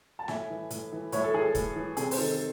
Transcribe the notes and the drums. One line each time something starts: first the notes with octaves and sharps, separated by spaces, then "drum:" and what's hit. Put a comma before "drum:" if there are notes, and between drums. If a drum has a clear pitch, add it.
A5
A2 E5 G#5, drum: snare
E3
A2, drum: hi-hat
E3
A2 C#5 E5, drum: hi-hat
A4
E3 G#4
A4
A2, drum: kick, hi-hat
E3
C3 G#4, drum: hi-hat
C5, drum: open hi-hat
D#3 A4
A4